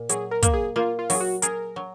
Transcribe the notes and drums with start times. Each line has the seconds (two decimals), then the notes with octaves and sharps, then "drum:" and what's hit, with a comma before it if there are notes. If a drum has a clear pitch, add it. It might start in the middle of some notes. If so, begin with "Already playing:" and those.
Already playing: A#2
0.09 F#3 G#4, drum: hi-hat
0.31 A#4
0.43 A#3, drum: kick, hi-hat
0.53 G#4
0.76 A#3 F4
0.99 F4
1.10 F#3, drum: open hi-hat
1.15 G#4
1.20 F#4
1.42 G#4 A#4, drum: hi-hat
1.76 F#3